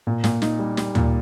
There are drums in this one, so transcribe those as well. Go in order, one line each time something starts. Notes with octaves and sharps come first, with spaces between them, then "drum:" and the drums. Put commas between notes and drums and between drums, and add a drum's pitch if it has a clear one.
A#2
A#2, drum: snare
D#4, drum: snare
G3
G3, drum: snare
A#2, drum: tom D2